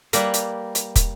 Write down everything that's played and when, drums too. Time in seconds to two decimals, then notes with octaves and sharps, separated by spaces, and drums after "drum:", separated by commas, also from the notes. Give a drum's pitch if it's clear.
0.13 G3 A#3 B4, drum: hi-hat
0.34 drum: hi-hat
0.75 drum: hi-hat
0.96 drum: kick, hi-hat